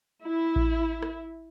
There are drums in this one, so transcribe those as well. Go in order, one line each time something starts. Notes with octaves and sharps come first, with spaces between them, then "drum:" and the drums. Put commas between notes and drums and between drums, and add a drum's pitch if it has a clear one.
E4
drum: kick A1
drum: rim click